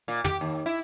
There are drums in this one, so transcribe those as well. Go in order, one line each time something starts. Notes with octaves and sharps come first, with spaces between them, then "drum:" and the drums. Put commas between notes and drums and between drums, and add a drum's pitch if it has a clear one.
A#2
G4, drum: tom
D#2
E4